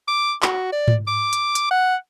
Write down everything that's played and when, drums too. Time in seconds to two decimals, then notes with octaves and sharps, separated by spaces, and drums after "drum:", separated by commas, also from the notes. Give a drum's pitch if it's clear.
0.08 D6
0.42 F#4, drum: clap
0.72 D5
0.88 drum: tom G#2
1.07 D6
1.33 drum: hi-hat
1.55 drum: hi-hat
1.71 F#5